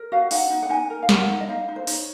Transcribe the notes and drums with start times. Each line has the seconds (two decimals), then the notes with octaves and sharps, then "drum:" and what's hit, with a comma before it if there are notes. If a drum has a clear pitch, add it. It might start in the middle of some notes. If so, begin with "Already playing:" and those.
Already playing: A#4
0.12 F#4 F5
0.31 D#4 F#5, drum: open hi-hat
0.50 D#4
0.63 F#5
0.70 D#4 G#5
0.90 A#4
1.02 F5
1.09 A#4 F#5, drum: snare
1.29 D#4
1.40 D#5
1.48 D#4 F5
1.69 D#4
1.76 C5
1.87 D#4 C#5, drum: open hi-hat